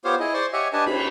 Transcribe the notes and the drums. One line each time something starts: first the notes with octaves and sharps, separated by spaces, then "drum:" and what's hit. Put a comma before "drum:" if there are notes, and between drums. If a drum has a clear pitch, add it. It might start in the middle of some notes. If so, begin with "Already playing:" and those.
B3 F4 G4 C5 C#5 F5
E4 G#4 D#5
C5 D5 C6 C#6
G4 C#5 D#5 E5 F#5 G#5
D4 G4 B4 D#5 G#5 A5
B5, drum: cymbal